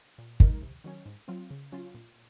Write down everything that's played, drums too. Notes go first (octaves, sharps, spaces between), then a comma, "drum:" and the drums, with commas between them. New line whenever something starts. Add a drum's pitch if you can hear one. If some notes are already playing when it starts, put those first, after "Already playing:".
A#2
G#3 D#4 A#4, drum: kick
C3
D#3 F#3 C#4
G#2
F#3 C4 F4
C#3
F#3 C#4 F4
A#2